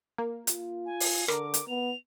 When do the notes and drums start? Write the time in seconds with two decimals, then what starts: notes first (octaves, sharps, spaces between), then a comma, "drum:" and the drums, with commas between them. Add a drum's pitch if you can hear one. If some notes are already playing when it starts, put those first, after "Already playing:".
0.18 A#3
0.47 F4, drum: hi-hat
0.86 G#5
1.00 drum: open hi-hat
1.28 D3 A#4 D6, drum: rim click
1.54 drum: hi-hat
1.68 B3 F7